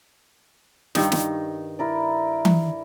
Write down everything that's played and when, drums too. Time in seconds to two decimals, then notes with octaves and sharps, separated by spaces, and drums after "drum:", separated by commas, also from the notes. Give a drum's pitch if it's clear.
0.95 G2 D#3 D#4, drum: snare
1.12 drum: snare
1.79 E4 A#4 D5
2.45 drum: tom E3